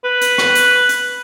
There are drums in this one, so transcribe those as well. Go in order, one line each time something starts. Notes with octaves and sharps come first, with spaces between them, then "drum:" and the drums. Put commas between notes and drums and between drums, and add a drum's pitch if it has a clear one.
B4
drum: hi-hat
drum: rim click
drum: hi-hat
drum: hi-hat